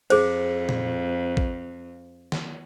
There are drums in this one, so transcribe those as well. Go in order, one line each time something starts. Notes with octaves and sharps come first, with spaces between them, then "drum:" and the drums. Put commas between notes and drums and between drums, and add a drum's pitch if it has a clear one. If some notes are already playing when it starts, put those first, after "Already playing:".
F2 G#4 C5, drum: cymbal
drum: tom A#2
drum: kick
drum: snare